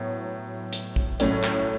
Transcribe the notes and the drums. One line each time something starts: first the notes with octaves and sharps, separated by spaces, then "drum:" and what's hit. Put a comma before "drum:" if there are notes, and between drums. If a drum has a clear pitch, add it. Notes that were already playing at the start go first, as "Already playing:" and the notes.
Already playing: A2 F#3 B3
drum: hi-hat
drum: kick
A2 F#3 A3 C#4, drum: hi-hat
drum: clap